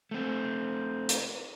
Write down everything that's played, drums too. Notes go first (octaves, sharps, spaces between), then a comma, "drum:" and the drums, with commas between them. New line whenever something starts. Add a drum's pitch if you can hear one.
A3 C4
drum: hi-hat